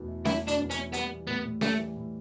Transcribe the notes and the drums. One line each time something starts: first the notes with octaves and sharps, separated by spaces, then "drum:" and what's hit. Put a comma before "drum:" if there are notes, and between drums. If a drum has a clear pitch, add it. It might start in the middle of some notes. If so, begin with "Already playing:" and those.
Already playing: E2 B2 A3
E4
A3 E4, drum: snare C#4
B2
D4, drum: hi-hat
E2
C#4, drum: hi-hat
E4
G3 B3, drum: hi-hat
E3
A2 B3
A2
G3 A3, drum: snare C#4
E3
A2